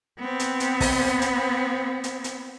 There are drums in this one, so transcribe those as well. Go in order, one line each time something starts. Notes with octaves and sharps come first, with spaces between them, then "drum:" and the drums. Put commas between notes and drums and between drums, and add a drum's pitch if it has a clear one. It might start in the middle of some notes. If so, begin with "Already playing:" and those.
B3 C4
drum: hi-hat
drum: hi-hat
drum: kick, open hi-hat
drum: hi-hat
drum: hi-hat
drum: hi-hat